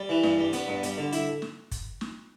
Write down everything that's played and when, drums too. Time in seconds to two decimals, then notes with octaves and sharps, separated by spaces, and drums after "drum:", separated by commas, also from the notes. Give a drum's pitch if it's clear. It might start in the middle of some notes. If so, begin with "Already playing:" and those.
Already playing: G3
0.09 E3
0.23 G2, drum: snare
0.38 G3
0.53 B3, drum: hi-hat
0.68 G2
0.83 G3, drum: hi-hat
0.98 D3
1.12 E4, drum: hi-hat
1.42 drum: snare
1.71 drum: kick, hi-hat
2.01 drum: snare